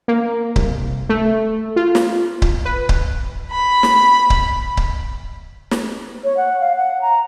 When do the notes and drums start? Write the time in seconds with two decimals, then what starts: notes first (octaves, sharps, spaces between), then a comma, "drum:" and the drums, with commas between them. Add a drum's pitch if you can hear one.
0.08 A#3
0.56 C2, drum: kick C#1
1.09 A3
1.76 F4
1.95 drum: snare
2.42 drum: kick C#1
2.65 B4
2.89 drum: kick C#1
3.52 B5
3.83 drum: snare
4.30 drum: kick C#1
4.77 drum: kick C#1
5.71 drum: snare
6.24 C#5
6.37 F#5
6.60 F5
6.76 F#5
7.02 A#5